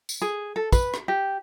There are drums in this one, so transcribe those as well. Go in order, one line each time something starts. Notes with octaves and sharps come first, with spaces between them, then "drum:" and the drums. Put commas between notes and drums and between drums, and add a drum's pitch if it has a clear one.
drum: tambourine
G#4
A4
B4, drum: kick, tambourine
drum: rim click
G4